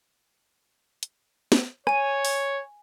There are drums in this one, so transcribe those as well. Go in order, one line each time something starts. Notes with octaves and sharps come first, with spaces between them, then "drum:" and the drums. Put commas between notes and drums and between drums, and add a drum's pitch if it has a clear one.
drum: hi-hat
drum: snare
C#5 G#5 D#7, drum: rim click
drum: open hi-hat